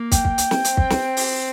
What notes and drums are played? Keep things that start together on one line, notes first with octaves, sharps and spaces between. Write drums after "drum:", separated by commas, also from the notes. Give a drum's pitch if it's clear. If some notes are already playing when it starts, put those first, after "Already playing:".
Already playing: A#3
G5, drum: kick, hi-hat
drum: kick
drum: hi-hat
drum: snare
C4, drum: hi-hat
drum: kick
drum: snare
drum: open hi-hat